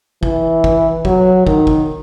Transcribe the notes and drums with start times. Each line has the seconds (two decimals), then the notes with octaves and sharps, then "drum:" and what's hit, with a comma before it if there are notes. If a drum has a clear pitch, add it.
0.23 E3, drum: kick
0.64 drum: kick
1.05 F#3, drum: kick
1.47 D#3, drum: kick
1.67 drum: kick